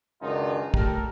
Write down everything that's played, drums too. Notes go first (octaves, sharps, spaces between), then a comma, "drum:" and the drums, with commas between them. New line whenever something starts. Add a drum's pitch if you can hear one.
C#2 F#2 D#3 D4 D#4 F4
A3 G4 A4 A#4, drum: kick